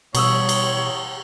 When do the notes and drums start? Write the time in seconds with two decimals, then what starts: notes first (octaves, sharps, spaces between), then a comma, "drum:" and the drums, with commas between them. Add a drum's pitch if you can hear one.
0.15 B2 E3 G3 C#5 C#6 D#6 E6, drum: cymbal
0.49 drum: cymbal